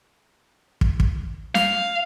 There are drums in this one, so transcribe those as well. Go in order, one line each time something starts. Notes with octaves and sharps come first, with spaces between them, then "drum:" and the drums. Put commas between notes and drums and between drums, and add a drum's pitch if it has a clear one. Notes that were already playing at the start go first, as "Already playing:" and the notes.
drum: kick
drum: kick
F5, drum: snare